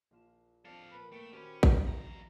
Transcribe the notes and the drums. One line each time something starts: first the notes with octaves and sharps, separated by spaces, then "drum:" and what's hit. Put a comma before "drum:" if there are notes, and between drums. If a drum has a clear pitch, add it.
A#1 F4 E7
F3 C4 D4 A4 F5
A#2 B4
A3 A#3 G5
D#3 C#4 F#4 G4 C5 B5
drum: kick A#1
C2 F2 E3 F#3 A#5